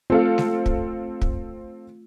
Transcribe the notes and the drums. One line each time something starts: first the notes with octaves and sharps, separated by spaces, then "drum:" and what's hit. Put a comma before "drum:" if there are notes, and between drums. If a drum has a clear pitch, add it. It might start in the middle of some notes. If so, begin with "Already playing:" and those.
A3 C4 F4 A4 F5
drum: snare G#3
drum: kick
drum: kick